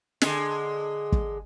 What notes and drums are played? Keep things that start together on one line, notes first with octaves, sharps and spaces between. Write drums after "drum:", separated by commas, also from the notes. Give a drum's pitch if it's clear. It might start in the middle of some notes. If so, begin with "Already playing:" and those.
D3 G#3, drum: snare
drum: kick